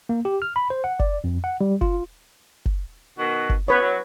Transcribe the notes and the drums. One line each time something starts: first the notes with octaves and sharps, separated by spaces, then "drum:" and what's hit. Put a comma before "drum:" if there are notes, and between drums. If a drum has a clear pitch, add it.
A#3
G4
F6
B5
C5
F#5
D5, drum: kick F#1
F2
F#5
G3
F4, drum: kick F#1
drum: kick F#1
B2 D#3 F#4
drum: kick F#1
B3 B4 C#5
F#3